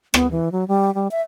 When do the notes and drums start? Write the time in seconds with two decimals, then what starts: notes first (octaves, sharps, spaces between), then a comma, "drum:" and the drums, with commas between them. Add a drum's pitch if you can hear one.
0.14 B3, drum: rim click
0.31 E3
0.52 F#3
0.68 G3
0.95 G3
1.11 E5